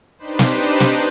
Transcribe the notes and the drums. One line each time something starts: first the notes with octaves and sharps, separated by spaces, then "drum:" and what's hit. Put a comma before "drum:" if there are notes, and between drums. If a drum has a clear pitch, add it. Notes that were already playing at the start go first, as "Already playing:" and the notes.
D4 D#4 G4 B4 C5
drum: snare
drum: snare